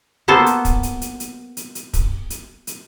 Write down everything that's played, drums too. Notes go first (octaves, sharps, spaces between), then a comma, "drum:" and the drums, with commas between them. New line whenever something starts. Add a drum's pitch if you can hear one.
A#3 B3 A4 C5
drum: hi-hat
drum: kick, hi-hat
drum: hi-hat
drum: hi-hat
drum: hi-hat
drum: hi-hat
drum: hi-hat
drum: kick, hi-hat
drum: hi-hat
drum: hi-hat